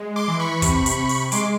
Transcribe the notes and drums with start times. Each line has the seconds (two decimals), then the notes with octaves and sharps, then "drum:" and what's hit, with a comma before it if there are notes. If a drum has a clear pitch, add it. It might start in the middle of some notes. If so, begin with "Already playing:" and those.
Already playing: G#3
0.16 C6 D6
0.28 E3
0.40 B5 C#6
0.62 C3, drum: kick, hi-hat
0.86 drum: hi-hat
0.97 C3
1.09 drum: open hi-hat
1.32 G#3 C6 D6, drum: hi-hat